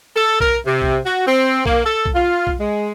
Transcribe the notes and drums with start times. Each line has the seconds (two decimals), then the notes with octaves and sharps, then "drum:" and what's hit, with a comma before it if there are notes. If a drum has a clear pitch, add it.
0.16 A4
0.40 A#4, drum: kick B1
0.67 C3
0.82 drum: kick B1
1.06 F#4
1.27 C4
1.66 A#3, drum: kick B1
1.86 A4
2.05 drum: kick B1
2.15 F4
2.47 drum: kick B1
2.59 G#3